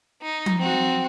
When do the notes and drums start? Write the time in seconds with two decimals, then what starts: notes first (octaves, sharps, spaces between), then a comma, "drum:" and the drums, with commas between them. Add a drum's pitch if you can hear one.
0.21 D#4
0.46 drum: tom F3
0.59 C4 F#4